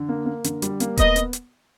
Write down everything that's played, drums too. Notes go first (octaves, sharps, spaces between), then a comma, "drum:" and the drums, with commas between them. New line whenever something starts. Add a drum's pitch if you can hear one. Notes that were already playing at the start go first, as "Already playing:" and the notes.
Already playing: D3
A#3
A#3
D3, drum: hi-hat
G3, drum: hi-hat
A#3, drum: hi-hat
B3 D#5, drum: kick D#1, hi-hat
B3, drum: hi-hat
drum: hi-hat